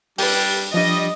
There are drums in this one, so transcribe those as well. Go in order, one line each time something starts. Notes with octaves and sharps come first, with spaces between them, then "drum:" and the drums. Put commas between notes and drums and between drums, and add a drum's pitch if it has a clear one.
G3 D4 B4 G5, drum: open hi-hat
F3 G3 D4 D#5